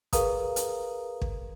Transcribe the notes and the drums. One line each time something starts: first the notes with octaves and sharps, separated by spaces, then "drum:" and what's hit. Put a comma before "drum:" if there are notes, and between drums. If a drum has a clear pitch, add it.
G#4 A#4 B4 F5 A#5 D#6, drum: kick, hi-hat
drum: hi-hat
drum: kick